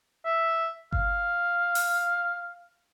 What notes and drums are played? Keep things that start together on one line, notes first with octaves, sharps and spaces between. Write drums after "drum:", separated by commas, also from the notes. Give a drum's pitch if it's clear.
E5
F5, drum: kick G1
drum: open hi-hat